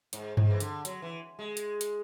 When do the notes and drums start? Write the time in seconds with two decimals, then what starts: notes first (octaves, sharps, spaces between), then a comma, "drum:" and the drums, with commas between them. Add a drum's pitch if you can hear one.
0.13 G#2, drum: hi-hat
0.37 G#2, drum: tom G2
0.51 E3
0.60 D3, drum: hi-hat
0.85 F#3, drum: hi-hat
1.02 E3
1.39 G#3
1.57 drum: hi-hat
1.81 drum: hi-hat